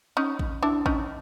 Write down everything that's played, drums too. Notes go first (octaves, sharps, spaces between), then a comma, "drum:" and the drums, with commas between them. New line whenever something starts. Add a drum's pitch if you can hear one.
C#4 D#4
drum: kick A1
D4 E4
C#4 D#4, drum: kick A1